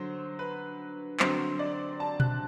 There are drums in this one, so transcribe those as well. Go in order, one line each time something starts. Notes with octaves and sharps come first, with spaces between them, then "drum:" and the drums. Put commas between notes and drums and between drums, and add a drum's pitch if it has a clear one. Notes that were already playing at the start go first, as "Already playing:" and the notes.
Already playing: D3 F#3 C5
B4
D3 F#3 C4 C5, drum: clap
D5
A5
F#6, drum: tom B2